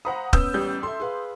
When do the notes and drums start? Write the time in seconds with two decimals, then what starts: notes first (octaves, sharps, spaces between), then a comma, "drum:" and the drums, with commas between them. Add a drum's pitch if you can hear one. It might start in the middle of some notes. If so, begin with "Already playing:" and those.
0.05 C5 F5 F#5 A#5 B5 D#6
0.33 B3 C#4 B4 D#6 E6 G6, drum: kick
0.54 A1 G3 G6
0.83 A4 E5 C6
1.00 G#4 B4 F5